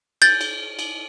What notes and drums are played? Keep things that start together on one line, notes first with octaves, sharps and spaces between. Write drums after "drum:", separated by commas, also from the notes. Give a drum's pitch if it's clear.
G6 A6, drum: cymbal
drum: cymbal
drum: cymbal